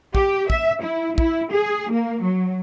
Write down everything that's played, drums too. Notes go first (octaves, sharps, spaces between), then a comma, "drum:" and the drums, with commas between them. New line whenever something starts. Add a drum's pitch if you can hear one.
G4, drum: kick
E5, drum: kick
E4
E4, drum: kick
G#4
A#3
F#3